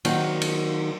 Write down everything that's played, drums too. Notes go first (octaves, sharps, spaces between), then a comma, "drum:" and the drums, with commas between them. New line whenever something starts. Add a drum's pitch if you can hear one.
D#3 F#3 A#3 C4 D#4 F#5, drum: cymbal
drum: cymbal